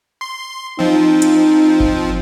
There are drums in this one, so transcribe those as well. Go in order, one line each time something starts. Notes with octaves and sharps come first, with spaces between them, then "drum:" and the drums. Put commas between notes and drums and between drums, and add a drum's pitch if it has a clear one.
C6
F3 C4 D#4
drum: hi-hat
drum: kick G1